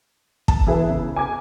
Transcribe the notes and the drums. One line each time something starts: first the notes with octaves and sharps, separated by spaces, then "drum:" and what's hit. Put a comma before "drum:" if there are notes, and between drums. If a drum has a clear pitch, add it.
A5, drum: kick
E3 E4 G#4 B4
C#3
G#5 D6 G#6